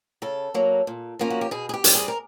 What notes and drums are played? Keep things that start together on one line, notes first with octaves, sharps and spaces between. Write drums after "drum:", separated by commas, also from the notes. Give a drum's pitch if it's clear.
C#3 A4
F#3 A#3
A#2
F3 A#3 C#4 F4
F#4
G4
B2 G#4
G#4
G4
G3 C4, drum: hi-hat
G#4
A#4